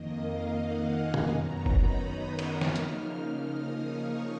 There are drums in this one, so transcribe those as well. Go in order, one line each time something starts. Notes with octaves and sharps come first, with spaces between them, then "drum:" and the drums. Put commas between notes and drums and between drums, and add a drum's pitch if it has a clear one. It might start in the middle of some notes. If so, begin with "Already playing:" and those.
Already playing: F2 D#3 A#3 D#5
F5
F#5
G#5
drum: tom B2
F#2 D#3 F#3 B3 D#4 A#5
B5, drum: kick F#1
D#6
F6, drum: cymbal
drum: snare
C#3 F3 A#3 D#4 F6, drum: hi-hat
F6
D#6
C#6